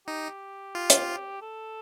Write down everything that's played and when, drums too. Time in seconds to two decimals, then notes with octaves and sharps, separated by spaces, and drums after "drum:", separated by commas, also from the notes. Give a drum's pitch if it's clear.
0.07 D#4 G4
0.75 F4
0.90 drum: hi-hat
1.42 A4